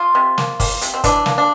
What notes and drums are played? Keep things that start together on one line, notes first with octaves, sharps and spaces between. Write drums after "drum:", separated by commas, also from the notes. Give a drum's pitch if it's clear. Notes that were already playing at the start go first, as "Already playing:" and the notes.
Already playing: F3 F4
C3
A#3, drum: snare
A#3, drum: kick, open hi-hat
C3, drum: hi-hat
C4
E3 D4, drum: kick, hi-hat
A#3, drum: snare
D4